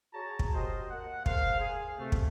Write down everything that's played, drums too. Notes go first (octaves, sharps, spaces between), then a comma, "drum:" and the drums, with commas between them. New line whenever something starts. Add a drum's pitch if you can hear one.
F#4 G#4 C#5 A5 A#5
drum: kick
F#4 G4 A#4 C5 D#5
A#3 F#5
G#4 A#4 C5 F5, drum: kick
G#4
C3 A3
drum: kick